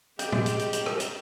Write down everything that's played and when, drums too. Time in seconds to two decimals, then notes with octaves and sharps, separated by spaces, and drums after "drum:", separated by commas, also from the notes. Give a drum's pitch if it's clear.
0.19 G#3 G4 G5, drum: hi-hat
0.32 drum: tom
0.46 drum: hi-hat
0.59 drum: hi-hat
0.73 drum: hi-hat
0.86 drum: rim click
1.00 drum: hi-hat